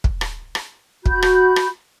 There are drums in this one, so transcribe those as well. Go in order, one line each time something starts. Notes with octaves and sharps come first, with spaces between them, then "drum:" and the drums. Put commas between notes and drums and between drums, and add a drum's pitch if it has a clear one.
drum: kick
drum: rim click
drum: rim click
F#4 B5 G6, drum: kick
drum: rim click
drum: rim click